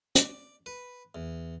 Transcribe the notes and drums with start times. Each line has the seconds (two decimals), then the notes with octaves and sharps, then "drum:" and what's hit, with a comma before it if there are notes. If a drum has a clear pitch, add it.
0.15 D5, drum: hi-hat
0.66 B4
1.15 E2